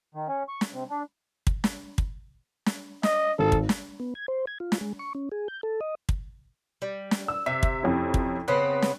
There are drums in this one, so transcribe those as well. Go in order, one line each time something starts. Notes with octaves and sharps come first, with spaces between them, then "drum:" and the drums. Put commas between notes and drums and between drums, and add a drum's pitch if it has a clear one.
D#3
C#4
C#6
drum: snare
C3
D4
drum: kick
drum: snare
drum: kick
drum: snare
D#5, drum: snare
G#1 A4
drum: kick
drum: snare
B3
G#6
C5
G#6
F4
drum: snare
G#3
C#6
C#4
G#4
G6
A4
D#5
drum: kick
G3
drum: snare
E6
C3 E5
drum: kick
F2 C#4 E4
drum: kick
C#3 B3 C4 B4 F#6
drum: snare